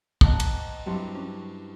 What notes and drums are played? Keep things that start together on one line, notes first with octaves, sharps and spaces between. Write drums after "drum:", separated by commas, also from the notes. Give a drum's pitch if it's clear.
D#5 F5 F#5 A5 A#5, drum: kick
drum: cymbal
G2 F#3 C4 E4
C#4